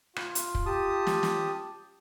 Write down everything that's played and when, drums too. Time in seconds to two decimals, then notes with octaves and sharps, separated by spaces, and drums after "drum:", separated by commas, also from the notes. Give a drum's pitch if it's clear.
0.16 F4, drum: rim click
0.35 drum: hi-hat
0.55 drum: kick
0.66 G4 A5 D#6
1.07 drum: snare
1.23 drum: snare